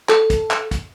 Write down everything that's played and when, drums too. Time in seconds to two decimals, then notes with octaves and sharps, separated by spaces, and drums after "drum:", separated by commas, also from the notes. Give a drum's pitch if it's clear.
0.09 A4, drum: clap
0.30 drum: kick, hi-hat
0.51 drum: clap
0.71 drum: kick, hi-hat